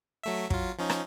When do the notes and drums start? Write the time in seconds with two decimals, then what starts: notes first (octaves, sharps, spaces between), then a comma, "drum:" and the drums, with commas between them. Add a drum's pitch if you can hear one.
0.23 F#3 A3 E5
0.50 F#3 F4, drum: kick
0.79 F3 C#4 D#4
0.90 drum: rim click